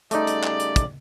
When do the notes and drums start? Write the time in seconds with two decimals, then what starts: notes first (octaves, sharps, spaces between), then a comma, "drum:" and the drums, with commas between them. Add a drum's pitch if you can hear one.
0.11 C#3 G3 A3 D#4 D5, drum: hi-hat
0.27 drum: hi-hat
0.44 drum: clap
0.60 drum: hi-hat
0.76 drum: kick, hi-hat